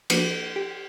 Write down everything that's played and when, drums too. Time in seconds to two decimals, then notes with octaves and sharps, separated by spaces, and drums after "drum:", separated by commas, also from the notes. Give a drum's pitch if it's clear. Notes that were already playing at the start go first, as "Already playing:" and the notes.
0.10 F3 A#3 D4 F#4, drum: cymbal
0.56 G4